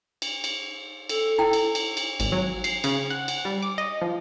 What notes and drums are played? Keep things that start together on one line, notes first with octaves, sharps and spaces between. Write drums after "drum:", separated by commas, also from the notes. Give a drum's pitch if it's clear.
drum: cymbal
drum: cymbal
A4, drum: cymbal
E4 G5
drum: cymbal
drum: cymbal
drum: cymbal
G#1, drum: cymbal
F#3
C7, drum: cymbal
C#3, drum: cymbal
F#5
drum: cymbal
G3
D6
D#5
F3